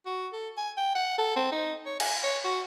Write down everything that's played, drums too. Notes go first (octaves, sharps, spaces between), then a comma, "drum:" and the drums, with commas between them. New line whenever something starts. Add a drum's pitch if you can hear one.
F#4
A4
G#5
G5
F#5
A4
C4
D#4
C#5
G#5, drum: cymbal
C#5
F#4